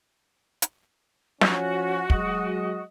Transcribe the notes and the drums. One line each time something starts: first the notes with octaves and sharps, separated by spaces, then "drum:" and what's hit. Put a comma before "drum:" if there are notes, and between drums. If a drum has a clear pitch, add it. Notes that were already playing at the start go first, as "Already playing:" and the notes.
drum: hi-hat
F3 C#4 F#4, drum: snare
F#3 G#3 D#5, drum: kick